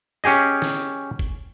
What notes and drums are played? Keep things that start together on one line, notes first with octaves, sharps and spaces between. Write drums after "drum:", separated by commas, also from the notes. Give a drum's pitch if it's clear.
C#4 G4 G#4 D#5
drum: snare
drum: kick G1